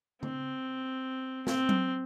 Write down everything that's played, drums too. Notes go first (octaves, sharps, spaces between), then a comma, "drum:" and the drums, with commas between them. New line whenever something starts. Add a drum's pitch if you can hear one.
C4, drum: tom C#3
C4, drum: snare
drum: tom F#3